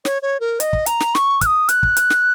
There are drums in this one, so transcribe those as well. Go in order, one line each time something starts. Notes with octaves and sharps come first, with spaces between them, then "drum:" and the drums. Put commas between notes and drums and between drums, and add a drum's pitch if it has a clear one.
C#5, drum: snare
C#5
A#4
D#5, drum: hi-hat
drum: kick
A#5, drum: hi-hat
drum: snare
C#6, drum: snare
F#6, drum: kick, hi-hat
D#6
F#6, drum: hi-hat
drum: kick
drum: hi-hat
drum: snare